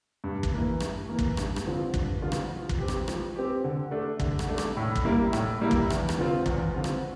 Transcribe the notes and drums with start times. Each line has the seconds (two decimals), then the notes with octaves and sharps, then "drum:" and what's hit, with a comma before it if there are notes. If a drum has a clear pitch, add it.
0.24 G2
0.43 drum: kick
0.53 E3 A#3
0.80 G2, drum: rim click
1.09 E3 A#3
1.19 drum: kick
1.37 G2, drum: rim click
1.56 drum: rim click
1.66 D3 F3 C4 F4
1.94 G2, drum: kick
2.22 D3 F3 C4 F4
2.32 drum: rim click
2.50 F3
2.69 drum: kick
2.78 C4 G4
2.88 drum: rim click
3.08 F3, drum: rim click
3.36 C4 G4
3.64 D3
3.91 A3 D4
4.20 D3, drum: kick
4.39 drum: rim click
4.48 A3 D4
4.58 drum: rim click
4.77 A2
4.96 drum: kick
5.05 G3 A#3 E4
5.33 A2, drum: rim click
5.61 G3 A#3 E4
5.71 drum: kick
5.90 E2, drum: rim click
6.09 drum: rim click
6.18 D3 F3 C4 F4
6.46 E2, drum: kick
6.74 D3 F3 C4 F4
6.84 drum: rim click